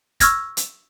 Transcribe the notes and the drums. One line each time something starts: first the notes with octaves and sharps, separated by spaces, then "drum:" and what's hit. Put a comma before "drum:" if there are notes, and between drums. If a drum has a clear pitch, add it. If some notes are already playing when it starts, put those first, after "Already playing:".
C#6 E6 F6 G#6 A#6, drum: kick, hi-hat
drum: hi-hat